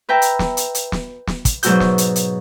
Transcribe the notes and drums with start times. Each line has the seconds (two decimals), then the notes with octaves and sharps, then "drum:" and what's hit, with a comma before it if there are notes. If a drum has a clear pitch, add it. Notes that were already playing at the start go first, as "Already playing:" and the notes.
0.09 B4 E5 G5 A#5
0.22 drum: hi-hat
0.39 drum: snare
0.57 drum: hi-hat
0.75 drum: hi-hat
0.92 drum: snare
1.27 drum: snare
1.45 drum: kick, hi-hat
1.63 G#2 B2 F#3 F#4 E6 G6, drum: hi-hat
1.80 drum: snare
1.98 drum: hi-hat
2.16 drum: hi-hat